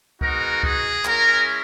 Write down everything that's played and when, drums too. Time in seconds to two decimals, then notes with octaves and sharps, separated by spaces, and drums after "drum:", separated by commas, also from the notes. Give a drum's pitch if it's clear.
0.21 G#3 B3 D#4 F#4 A#4, drum: kick C#2
0.63 G#4, drum: kick C#2
1.05 G#3 C#4 E4 A#4, drum: clap